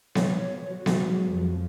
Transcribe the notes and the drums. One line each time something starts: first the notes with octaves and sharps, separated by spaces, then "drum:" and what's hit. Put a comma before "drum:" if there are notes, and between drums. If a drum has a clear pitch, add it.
C#5, drum: snare B3
F#4
drum: snare B3
F#3 G#3
F2 F3